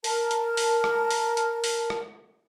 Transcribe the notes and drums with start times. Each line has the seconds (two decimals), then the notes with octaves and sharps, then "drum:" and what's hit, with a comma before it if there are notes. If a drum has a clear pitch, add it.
0.04 A#4 A5, drum: open hi-hat
0.31 drum: hi-hat
0.57 drum: open hi-hat
0.84 drum: rim click
1.11 drum: open hi-hat
1.37 drum: hi-hat
1.64 drum: open hi-hat
1.90 drum: rim click